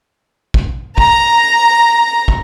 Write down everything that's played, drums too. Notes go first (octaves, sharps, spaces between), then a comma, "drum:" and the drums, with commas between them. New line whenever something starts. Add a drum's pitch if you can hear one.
drum: kick
A#5, drum: kick
drum: kick